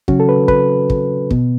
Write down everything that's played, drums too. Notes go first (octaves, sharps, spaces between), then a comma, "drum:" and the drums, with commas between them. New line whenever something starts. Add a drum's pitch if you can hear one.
C#3 F#3 C#4 F#4, drum: kick
A4
B4
B4, drum: kick
drum: kick
B2 B3, drum: kick